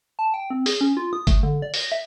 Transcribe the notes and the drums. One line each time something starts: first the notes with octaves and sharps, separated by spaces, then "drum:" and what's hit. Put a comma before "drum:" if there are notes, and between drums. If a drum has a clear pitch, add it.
A5
G5
C4
G#4, drum: open hi-hat
C#4
F4
D#6
A3, drum: kick G1, hi-hat
D3
D5
A#6, drum: open hi-hat
E5